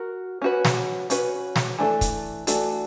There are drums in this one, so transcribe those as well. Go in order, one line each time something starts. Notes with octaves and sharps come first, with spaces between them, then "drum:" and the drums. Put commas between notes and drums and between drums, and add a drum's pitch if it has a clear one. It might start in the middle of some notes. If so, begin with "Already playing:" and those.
Already playing: F#4 A#4
C#4 F#4 B4
drum: snare
C#4 F#4 B4, drum: hi-hat
drum: snare
E3 A3 D4 F#4 A4
drum: kick, hi-hat
E3 A3 D4 F#4 A4, drum: hi-hat